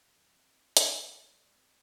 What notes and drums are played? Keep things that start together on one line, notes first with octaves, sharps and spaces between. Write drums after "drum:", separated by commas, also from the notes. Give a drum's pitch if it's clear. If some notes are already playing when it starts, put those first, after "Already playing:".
C2 F2 D#3 E3 B3 E4
A#3 C4 E4 A#4
A3 B3 C4 E4, drum: hi-hat
G#3 D4 A4
C4 D4 E4 G4 B4 E5